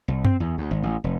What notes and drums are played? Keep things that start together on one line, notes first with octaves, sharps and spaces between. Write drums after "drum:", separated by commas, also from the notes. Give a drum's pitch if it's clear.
C2
C4, drum: tom F#2
E2
D2
G#1
A1
F1